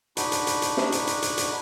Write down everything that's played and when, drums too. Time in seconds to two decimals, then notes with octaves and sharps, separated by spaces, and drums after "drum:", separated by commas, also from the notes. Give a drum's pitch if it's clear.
0.17 D4 D#4 F#4 B5, drum: hi-hat
0.32 drum: hi-hat
0.47 drum: hi-hat
0.62 drum: hi-hat
0.77 drum: snare
0.92 drum: hi-hat
1.07 drum: hi-hat
1.22 drum: hi-hat
1.38 drum: hi-hat